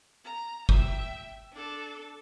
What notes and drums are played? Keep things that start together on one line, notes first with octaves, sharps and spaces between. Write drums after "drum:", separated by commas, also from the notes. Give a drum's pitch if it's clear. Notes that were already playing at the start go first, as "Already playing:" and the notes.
A#5
E5 G5, drum: kick
D4 A4